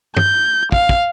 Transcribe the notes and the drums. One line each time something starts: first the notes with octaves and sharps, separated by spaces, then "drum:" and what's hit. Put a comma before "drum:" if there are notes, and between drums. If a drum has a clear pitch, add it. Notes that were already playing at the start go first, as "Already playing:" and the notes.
G6, drum: tom
F5, drum: kick
drum: kick